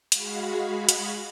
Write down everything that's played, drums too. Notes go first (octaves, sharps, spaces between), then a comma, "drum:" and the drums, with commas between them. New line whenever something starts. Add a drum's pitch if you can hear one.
G#3 F#4 G#4 F5 B5, drum: hi-hat
drum: hi-hat